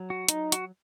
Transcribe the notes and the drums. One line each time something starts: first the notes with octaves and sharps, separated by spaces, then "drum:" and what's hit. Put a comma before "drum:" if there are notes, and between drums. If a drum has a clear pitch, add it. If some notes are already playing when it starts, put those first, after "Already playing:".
Already playing: F#3
F#4
D#4, drum: hi-hat
F#4, drum: hi-hat